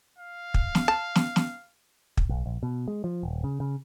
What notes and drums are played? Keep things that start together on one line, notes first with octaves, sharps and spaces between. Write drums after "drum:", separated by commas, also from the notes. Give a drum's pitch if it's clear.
F5
drum: kick
drum: snare
A5
drum: snare
drum: snare
drum: kick
B1
A#1
B2
G#3
F3
D#1
C#3
C#3